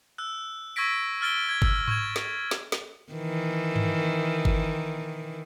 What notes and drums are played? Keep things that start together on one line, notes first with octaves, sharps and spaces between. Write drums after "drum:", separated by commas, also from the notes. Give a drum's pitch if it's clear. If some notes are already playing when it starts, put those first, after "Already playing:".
E6 F#6
C#6 E6 G#6 A#6 B6 D7
E6 F6 A6 D7 G7
G#6
E6, drum: kick G1
C#6 G#6 E7, drum: tom G#2
drum: snare
drum: snare
drum: snare
D#3 E3
drum: tom G2
drum: kick G1